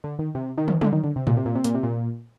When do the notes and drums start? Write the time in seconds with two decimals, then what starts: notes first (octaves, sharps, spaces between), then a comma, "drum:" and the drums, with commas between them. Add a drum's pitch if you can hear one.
0.04 D3
0.19 D#3
0.35 C3
0.58 D#3
0.68 drum: tom
0.81 D3, drum: tom F#3
0.93 D#3
1.04 D3
1.16 C3
1.27 A#2, drum: tom A2
1.37 C3
1.46 A#2
1.55 C3
1.64 A#2, drum: hi-hat
1.74 C3
1.83 A#2